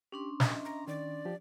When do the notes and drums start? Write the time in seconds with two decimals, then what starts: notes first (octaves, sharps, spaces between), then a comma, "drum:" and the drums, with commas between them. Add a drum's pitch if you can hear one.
0.12 C#4 D4 G4 C6
0.40 D#5 E5, drum: snare
0.65 A#5
0.87 D#3 D5
1.25 F3 G4